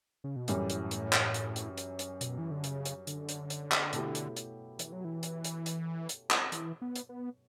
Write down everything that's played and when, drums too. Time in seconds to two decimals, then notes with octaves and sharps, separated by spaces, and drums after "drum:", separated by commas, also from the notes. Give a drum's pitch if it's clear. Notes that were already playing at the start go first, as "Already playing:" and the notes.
0.24 C#3
0.36 B2
0.48 F#2 A2 E3 G3, drum: hi-hat
0.69 drum: hi-hat
0.91 drum: hi-hat
1.13 drum: clap
1.34 drum: hi-hat
1.56 drum: hi-hat
1.77 drum: hi-hat
1.99 drum: hi-hat
2.21 B2, drum: hi-hat
2.38 E3
2.51 D3
2.64 C#3, drum: hi-hat
2.85 drum: hi-hat
3.07 D3, drum: hi-hat
3.28 drum: hi-hat
3.50 drum: hi-hat
3.72 drum: clap
3.93 B2 A3 E4 G4, drum: hi-hat
4.15 drum: hi-hat
4.36 drum: hi-hat
4.79 E3, drum: hi-hat
4.92 F#3
5.05 E3
5.23 drum: hi-hat
5.44 drum: hi-hat
5.66 drum: hi-hat
6.09 drum: hi-hat
6.31 drum: clap
6.52 E3, drum: hi-hat
6.82 B3
6.95 drum: hi-hat
7.09 B3